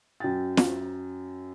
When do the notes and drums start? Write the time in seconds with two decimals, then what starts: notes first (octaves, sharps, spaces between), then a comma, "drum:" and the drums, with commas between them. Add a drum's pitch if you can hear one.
0.20 F#2 G5 A6
0.57 drum: snare